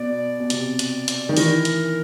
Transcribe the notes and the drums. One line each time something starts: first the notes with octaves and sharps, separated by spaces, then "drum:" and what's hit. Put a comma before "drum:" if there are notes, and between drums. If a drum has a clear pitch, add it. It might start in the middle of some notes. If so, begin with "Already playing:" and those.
Already playing: B2 D5
B2
C3, drum: hi-hat
drum: hi-hat
drum: hi-hat
D#3
E3 A#4, drum: open hi-hat
drum: hi-hat